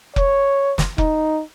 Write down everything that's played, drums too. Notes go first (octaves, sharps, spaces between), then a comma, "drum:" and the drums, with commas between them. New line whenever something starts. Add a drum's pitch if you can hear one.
C#5, drum: kick F1
drum: snare
D#4, drum: kick F1